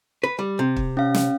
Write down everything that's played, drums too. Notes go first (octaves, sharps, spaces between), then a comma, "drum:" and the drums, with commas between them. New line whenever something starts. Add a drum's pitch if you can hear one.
B4
G3
C3
drum: kick
C#4 F5
drum: snare